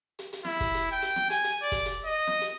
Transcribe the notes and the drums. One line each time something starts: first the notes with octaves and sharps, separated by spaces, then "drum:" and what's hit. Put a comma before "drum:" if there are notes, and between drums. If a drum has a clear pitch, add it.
drum: hi-hat
drum: hi-hat
E4, drum: snare
drum: kick, hi-hat
drum: hi-hat
G5
drum: hi-hat
drum: snare
G#5, drum: hi-hat
drum: hi-hat
D5
drum: kick, hi-hat
drum: hi-hat
D#5
drum: snare
drum: hi-hat